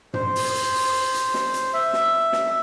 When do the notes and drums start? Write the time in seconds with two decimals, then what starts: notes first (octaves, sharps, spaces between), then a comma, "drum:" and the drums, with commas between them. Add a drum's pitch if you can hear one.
0.14 C5, drum: tom
0.36 drum: open hi-hat
0.55 drum: hi-hat
0.75 drum: open hi-hat
1.14 drum: hi-hat
1.34 drum: snare
1.54 drum: hi-hat
1.73 E5
1.93 drum: snare
2.33 drum: snare